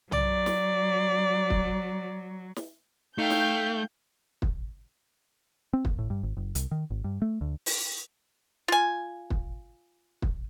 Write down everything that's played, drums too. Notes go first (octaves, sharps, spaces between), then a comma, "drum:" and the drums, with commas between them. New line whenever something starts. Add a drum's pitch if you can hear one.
F#3 D5, drum: tom
drum: snare
drum: kick
drum: snare
A3 D#4 F5 G5 G6
drum: snare
drum: kick
C4
D#2, drum: kick
A2
G2
G#1
F#1
C2, drum: hi-hat
D#3
G#1
G2
A3
D2
drum: open hi-hat
F4 G#5
drum: kick
drum: kick